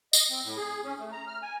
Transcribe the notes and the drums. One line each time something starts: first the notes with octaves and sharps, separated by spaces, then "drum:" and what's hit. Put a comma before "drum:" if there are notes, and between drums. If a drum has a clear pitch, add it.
D#5, drum: tambourine
C4
A2
G#4
C#4
A3
A#5
F6
G#5